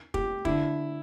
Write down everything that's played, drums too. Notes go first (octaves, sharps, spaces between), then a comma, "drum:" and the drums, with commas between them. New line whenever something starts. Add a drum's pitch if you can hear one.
G4, drum: kick
D3 E4, drum: kick